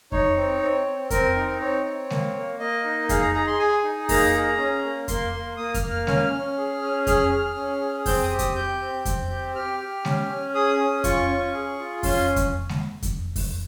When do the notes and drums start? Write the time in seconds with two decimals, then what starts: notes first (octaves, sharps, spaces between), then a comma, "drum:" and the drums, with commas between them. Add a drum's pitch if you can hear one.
0.12 D#4 C#5, drum: kick F2
0.37 C4
0.61 C4
0.86 C4
1.10 C4 A#4, drum: kick F2, hi-hat
1.36 D#4
1.60 C4 C#5
1.85 C4
2.10 A#3, drum: snare G#3
2.35 A#3
2.60 A#3 D#5
2.84 D#4
3.09 G#4 F5, drum: kick F2, hi-hat
3.22 A#5
3.34 G#4 A#5
3.47 C6
3.59 G#4 G#5
3.83 D#4
4.09 A#3 A#5, drum: kick F2, open hi-hat
4.34 G#4
4.58 C#4
4.84 A#3
5.08 A#3 C6, drum: kick F2, hi-hat
5.33 A#3
5.57 A#3 D#6
5.74 F6, drum: kick F2, hi-hat
5.82 A#3
5.91 F6
6.07 C#4 F6, drum: snare G#3
6.33 C#4
6.58 G#4
6.82 C#4
7.07 G#4 F6, drum: kick F2, hi-hat
7.32 G#4
7.56 C#4
7.81 G#4
8.06 C4 G6, drum: kick F2, open hi-hat
8.23 D#6
8.31 G4
8.39 D#6, drum: kick F2, hi-hat
8.56 G4 G6
8.80 C4
9.05 C4, drum: kick F2, hi-hat
9.30 G4
9.55 G4 F6
9.80 G4
10.05 C#4, drum: snare G#3
10.29 C#4
10.55 G#4 D#6
10.79 C#4
11.04 F4 C#6, drum: kick F2, hi-hat
11.29 C#4
11.54 G#4
11.79 F4
12.03 C#4 C6, drum: kick F2, open hi-hat
12.36 drum: kick F2, hi-hat
12.69 drum: snare G#3
13.02 drum: kick F2, hi-hat
13.36 drum: kick F2, open hi-hat